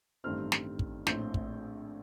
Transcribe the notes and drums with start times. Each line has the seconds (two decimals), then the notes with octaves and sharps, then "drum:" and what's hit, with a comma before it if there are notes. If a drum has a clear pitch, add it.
0.24 A1 G2 D#3 A3 C4 F6
0.52 drum: snare
0.79 drum: kick
1.07 A#1 A2 A3 C4 G6, drum: snare
1.34 drum: kick